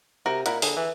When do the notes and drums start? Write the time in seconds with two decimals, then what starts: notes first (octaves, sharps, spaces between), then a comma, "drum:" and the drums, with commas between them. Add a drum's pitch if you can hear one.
0.26 C3 F#4 A#4
0.46 A#2 E4 A#4 F#5, drum: hi-hat
0.62 D3 G#4, drum: open hi-hat
0.76 E3